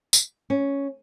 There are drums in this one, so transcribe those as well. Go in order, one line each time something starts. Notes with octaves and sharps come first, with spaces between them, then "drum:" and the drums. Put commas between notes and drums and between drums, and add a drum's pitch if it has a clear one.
drum: tambourine
C#4